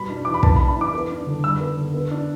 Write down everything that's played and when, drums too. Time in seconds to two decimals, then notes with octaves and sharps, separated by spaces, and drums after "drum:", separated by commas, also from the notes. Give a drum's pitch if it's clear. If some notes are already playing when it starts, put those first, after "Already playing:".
Already playing: B2 G3 B5
0.09 D4
0.25 E3 D6
0.34 B5
0.43 B3 A5, drum: kick
0.56 B5
0.60 D4
0.68 B5
0.77 E3 D6
0.94 B3
1.10 D4
1.27 D3
1.44 G3 E6
1.60 B3
1.77 D3
1.94 B3
2.11 D4